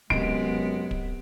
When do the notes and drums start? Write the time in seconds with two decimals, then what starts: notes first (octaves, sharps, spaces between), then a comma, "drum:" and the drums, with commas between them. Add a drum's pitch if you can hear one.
0.10 F#2 C3 G#3 B3 D7, drum: kick
0.91 drum: kick